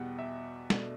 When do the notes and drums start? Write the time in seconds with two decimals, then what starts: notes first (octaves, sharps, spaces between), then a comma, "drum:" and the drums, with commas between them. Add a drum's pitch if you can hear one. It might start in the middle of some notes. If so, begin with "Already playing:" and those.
Already playing: E2 B2 G3 B3 F#5 G5
0.19 E5
0.70 B2 A3 D4, drum: snare